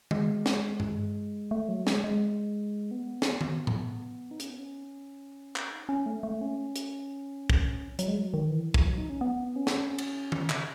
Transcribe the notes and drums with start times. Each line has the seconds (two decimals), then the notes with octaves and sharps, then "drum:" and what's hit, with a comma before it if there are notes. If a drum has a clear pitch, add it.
0.11 G#3, drum: tom D#3
0.46 drum: snare
0.80 drum: tom G2
1.51 A3
1.69 F#3
1.87 G#3, drum: snare
2.04 G#3
2.91 B3
3.22 drum: snare
3.41 drum: tom D#3
3.67 drum: tom A2
4.31 D#4
4.40 C#4, drum: hi-hat
4.50 B3
4.59 C#4
5.56 drum: clap
5.71 D#4
5.89 C#4
6.06 A3
6.23 A3
6.41 C#4
6.76 drum: hi-hat
7.50 drum: kick
7.99 F#3, drum: hi-hat
8.08 G#3
8.16 F#3
8.34 D#3
8.50 E3
8.74 drum: kick
8.86 F#3
8.98 D#4
9.10 C#4
9.21 B3
9.56 C#4
9.67 drum: snare
9.98 drum: cymbal
10.32 drum: tom D#3
10.50 C#3, drum: clap